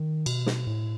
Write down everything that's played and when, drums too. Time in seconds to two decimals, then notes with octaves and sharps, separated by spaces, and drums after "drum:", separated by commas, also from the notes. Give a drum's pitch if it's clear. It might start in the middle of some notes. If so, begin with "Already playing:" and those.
Already playing: D#3
0.26 B2, drum: cymbal
0.46 drum: snare
0.67 A2